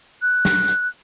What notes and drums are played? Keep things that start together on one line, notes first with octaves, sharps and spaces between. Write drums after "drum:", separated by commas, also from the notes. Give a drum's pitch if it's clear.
F#6
drum: snare
drum: hi-hat